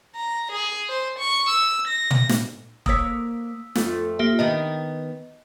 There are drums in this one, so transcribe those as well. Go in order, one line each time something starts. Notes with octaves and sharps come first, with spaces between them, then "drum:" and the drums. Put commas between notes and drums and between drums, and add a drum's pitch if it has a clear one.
A#5
G#4
C5
C#6
E6
A#6
drum: tom
drum: snare
A#3 C#5 D#6 E6 B6, drum: kick E1
F2 A3 F4, drum: snare
A#3 G4 E5
D#3 B3 D4 D#5